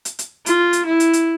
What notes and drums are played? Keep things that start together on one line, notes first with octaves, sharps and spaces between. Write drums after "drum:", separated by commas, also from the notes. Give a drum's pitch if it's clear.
drum: hi-hat
drum: hi-hat
F4, drum: hi-hat
drum: hi-hat
E4
drum: hi-hat
drum: hi-hat